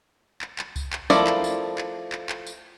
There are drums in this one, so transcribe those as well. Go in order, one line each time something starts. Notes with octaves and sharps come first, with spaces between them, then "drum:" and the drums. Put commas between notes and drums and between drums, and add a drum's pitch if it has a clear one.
drum: clap
drum: clap
drum: kick C#2, tambourine
drum: clap
F3 A3 E4 A#4 D5, drum: tambourine
drum: clap
drum: tambourine
drum: clap
drum: clap
drum: clap
drum: tambourine